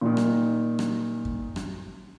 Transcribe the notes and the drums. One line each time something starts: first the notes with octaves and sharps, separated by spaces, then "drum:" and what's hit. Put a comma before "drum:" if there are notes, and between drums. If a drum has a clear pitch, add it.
A#2 D#3
drum: rim click
drum: rim click
drum: kick F#2
drum: rim click